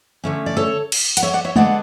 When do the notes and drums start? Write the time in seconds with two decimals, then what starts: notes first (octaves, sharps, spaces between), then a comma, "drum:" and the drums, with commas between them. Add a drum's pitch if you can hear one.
0.24 D3 A3 C#4
0.46 D5
0.57 A4 C#5
0.92 drum: cymbal
1.17 F#5, drum: hi-hat
1.23 C#5 E5
1.34 D5 F#5
1.45 C#5 E5
1.56 D3 G#3 B3 D4 D5 F#5, drum: tom G#3